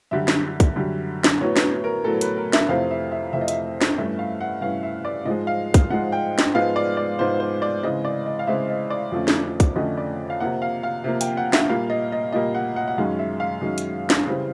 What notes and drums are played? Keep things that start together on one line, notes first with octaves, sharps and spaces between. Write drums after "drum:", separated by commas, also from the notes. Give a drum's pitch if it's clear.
F#2 D3 G3 E5
drum: snare
drum: kick, hi-hat
F#2 D3 G3
drum: snare
A2 F#3 B3 C#5
drum: snare
A#4
A2 F#3 B3 A4
B4, drum: hi-hat
A#4
E5, drum: snare
F2 C3 E3 A3 C4 F5
E5
E5
F2 C3 E3 A3 C4 E5
D#5
E5, drum: hi-hat
drum: snare
G2 E3 A3 C#4 E5
F5
F#5
G2 E3 A3 C#4 F5
E5
D5
G#2 F3 G#3 D#5
F5
drum: kick, hi-hat
G#2 F3 G#3 F#5
G5
drum: snare
G#2 F3 G#3 B3 F5
D5
D5
G#2 F3 G#3 B3 C5
C5
D5
C#3 E3 G#3 C4 D#5
D5
D#5
F5
C#3 E3 G#3 C4 E5
D#5
D5
F2 D3 F3 A3 C#4
drum: snare
drum: kick, hi-hat
F2 D3 F3 A3 C#4 D#5
D5
F5
C3 F3 A#3 F#5
F5
F5
C3 F3 A#3
G5, drum: hi-hat
F#5
E5, drum: snare
A#2 G3 A#3 F5
D#5
D#5
A#2 G3 A#3 D#5
F#5
F#5
F#5
F#2 D#3 G#3 C#4 F5
E5
F5
F#2 D#3 G#3 C#4
drum: hi-hat
drum: snare
C#3 E3 G3 C4